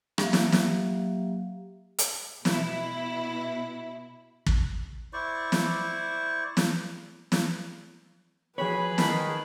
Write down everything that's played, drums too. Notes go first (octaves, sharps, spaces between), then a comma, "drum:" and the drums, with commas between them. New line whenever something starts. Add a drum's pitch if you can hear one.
F#3 A#3 G4 E5 F5, drum: rim click
drum: snare
drum: snare
drum: hi-hat
B2 E4, drum: snare
drum: kick
E4 C5 D5 C#6
drum: snare
drum: snare
drum: snare
F3 F#4 G#4 B4 C#5 B5
D#3 A5 B5, drum: snare